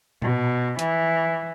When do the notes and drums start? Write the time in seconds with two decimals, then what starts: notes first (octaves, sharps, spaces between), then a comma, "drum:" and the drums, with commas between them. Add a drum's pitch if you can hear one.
0.22 B2, drum: tom A#2
0.79 E3, drum: hi-hat